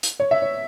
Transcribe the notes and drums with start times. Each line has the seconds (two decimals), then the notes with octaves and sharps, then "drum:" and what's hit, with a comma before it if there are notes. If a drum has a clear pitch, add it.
0.03 drum: hi-hat
0.20 C#5
0.31 E5
0.42 C#5